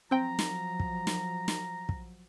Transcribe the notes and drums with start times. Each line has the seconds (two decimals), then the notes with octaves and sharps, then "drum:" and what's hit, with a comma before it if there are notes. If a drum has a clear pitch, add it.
0.11 F3 F#3 C4 G5 A#5
0.39 drum: snare
0.80 drum: kick
1.07 drum: snare
1.48 drum: snare
1.89 drum: kick